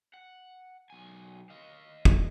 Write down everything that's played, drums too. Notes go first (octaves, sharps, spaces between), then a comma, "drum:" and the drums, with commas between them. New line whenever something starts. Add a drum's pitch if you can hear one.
F#5
B1 G#5
D#5 F5
drum: kick